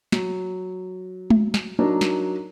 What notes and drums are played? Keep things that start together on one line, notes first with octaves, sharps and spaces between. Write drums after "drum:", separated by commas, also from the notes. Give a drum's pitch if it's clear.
F#3, drum: snare
drum: tom G#3
drum: snare
F#3 D4 D#4 A#4
drum: snare